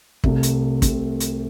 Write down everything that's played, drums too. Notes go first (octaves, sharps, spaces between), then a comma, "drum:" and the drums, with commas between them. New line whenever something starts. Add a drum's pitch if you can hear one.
C2 C3 A3, drum: kick
drum: hi-hat
C2 C3 A3, drum: kick, hi-hat
drum: hi-hat